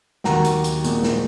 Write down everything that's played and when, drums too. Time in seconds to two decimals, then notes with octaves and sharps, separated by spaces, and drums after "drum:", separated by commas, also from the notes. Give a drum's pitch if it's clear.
0.24 D#2 D#3 F#3 F#5 A#5, drum: snare
0.44 drum: hi-hat
0.64 drum: hi-hat
0.84 A#2 G#3, drum: hi-hat
1.03 drum: snare